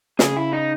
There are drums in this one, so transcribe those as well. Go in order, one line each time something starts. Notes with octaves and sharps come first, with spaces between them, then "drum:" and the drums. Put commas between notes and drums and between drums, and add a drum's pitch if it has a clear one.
C#3 G#4, drum: snare
E4
D#4